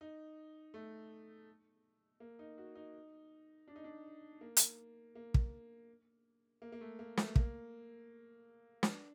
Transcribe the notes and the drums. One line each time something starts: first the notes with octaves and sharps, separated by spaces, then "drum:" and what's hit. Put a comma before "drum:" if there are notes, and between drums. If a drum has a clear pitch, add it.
D#4
A3
A#3
D#4
F#4
D#4
D4
D#4
D4
A#3
drum: hi-hat
A#3
drum: kick
A#3
A#3
A3
A#3
A3, drum: snare
A#3, drum: kick
D4, drum: snare